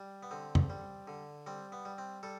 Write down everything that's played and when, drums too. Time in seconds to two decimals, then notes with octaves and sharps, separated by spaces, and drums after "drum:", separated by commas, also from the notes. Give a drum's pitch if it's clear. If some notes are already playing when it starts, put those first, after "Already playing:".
Already playing: G3
0.23 B3
0.31 D3 C4
0.55 drum: tom F2
0.70 G3
1.08 D3
1.47 G3 C4
1.72 B3
1.85 G3
1.98 C4
2.23 G3 A4